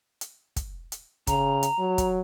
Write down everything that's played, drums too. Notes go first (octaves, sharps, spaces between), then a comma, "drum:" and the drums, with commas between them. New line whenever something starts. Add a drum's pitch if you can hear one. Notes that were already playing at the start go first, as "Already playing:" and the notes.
drum: hi-hat
drum: kick, hi-hat
drum: hi-hat
C#3 A#5, drum: kick, hi-hat
drum: hi-hat
F#3
drum: kick, hi-hat